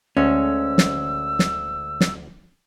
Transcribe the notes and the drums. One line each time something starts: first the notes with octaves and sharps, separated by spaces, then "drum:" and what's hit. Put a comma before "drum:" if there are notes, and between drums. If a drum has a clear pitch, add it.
D2 G#3 C#4 A4 E6
drum: snare
drum: snare
drum: snare